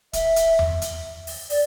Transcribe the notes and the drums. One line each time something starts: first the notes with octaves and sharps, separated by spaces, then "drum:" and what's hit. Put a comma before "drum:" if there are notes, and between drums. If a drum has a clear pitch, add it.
E5, drum: kick, hi-hat
drum: hi-hat
drum: tom E2
drum: hi-hat
drum: open hi-hat
D5, drum: open hi-hat